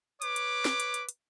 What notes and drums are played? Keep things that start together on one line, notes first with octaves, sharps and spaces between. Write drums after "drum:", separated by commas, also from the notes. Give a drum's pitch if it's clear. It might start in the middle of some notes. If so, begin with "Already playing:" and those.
B4 C#5 D6, drum: hi-hat
drum: hi-hat
drum: snare
drum: hi-hat
drum: hi-hat
drum: hi-hat